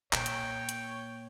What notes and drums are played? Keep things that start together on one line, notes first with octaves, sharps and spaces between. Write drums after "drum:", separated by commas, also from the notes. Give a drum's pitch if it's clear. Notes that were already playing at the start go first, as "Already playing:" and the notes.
A#2 C#5 G5, drum: clap
drum: hi-hat
drum: hi-hat